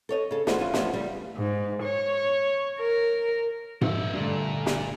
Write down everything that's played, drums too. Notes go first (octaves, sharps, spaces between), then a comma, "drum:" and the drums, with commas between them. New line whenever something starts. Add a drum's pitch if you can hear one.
A4 C#5 D#5
C#3 A4
E3 G#3 A3 E4 F#4 C5, drum: snare
E3 C#4 F4
F3 A3 B3 C#4 F4, drum: snare
C#3 G3
G#2
C#5
A#4
F1 D#4 E5, drum: tom G#2
G2 A#2 D3 A3
drum: snare